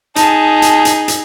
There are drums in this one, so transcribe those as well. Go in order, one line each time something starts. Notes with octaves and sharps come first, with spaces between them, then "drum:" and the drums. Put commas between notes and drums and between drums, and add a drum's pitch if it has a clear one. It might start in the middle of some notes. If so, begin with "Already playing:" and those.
D#4 G#4 A5, drum: hi-hat
drum: hi-hat
drum: hi-hat
drum: hi-hat